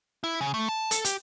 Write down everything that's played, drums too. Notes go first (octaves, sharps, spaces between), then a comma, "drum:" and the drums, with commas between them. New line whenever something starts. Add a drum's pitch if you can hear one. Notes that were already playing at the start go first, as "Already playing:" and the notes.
E4
C#3
A3
A5
A4, drum: hi-hat
G4, drum: hi-hat